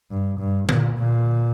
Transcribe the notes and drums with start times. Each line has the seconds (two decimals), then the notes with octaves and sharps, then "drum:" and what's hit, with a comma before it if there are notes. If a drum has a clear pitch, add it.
0.11 G2
0.39 G2
0.69 A#2, drum: tom D3
0.98 A#2